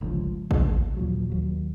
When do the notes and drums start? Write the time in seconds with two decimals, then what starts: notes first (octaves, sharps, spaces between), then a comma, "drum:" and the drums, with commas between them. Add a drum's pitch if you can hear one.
0.01 G1 C#2 B2 F3
0.51 C#2, drum: kick A1
0.97 D#2 A#2 F3 F#3
1.29 D#2 F#3